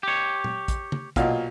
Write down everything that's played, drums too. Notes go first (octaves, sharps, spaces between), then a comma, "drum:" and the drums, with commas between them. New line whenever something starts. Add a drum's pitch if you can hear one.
G4 C#5
drum: tom A#2
drum: kick, hi-hat
drum: tom
B1 A#2 F5, drum: kick, hi-hat